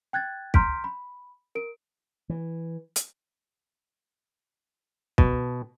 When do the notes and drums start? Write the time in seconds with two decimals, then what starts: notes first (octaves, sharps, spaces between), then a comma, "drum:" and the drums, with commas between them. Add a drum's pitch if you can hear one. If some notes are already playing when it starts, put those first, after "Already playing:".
0.13 G5 F#6 G#6 A6
0.54 A#5 C6 F6 G6 B6 D7, drum: kick
0.84 B5
1.55 A#4 D7
2.30 E3
2.96 drum: hi-hat
5.18 B2, drum: kick